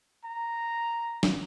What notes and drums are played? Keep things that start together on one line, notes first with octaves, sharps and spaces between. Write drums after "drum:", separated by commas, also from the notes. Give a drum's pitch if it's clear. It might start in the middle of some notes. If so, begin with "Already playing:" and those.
A#5
drum: snare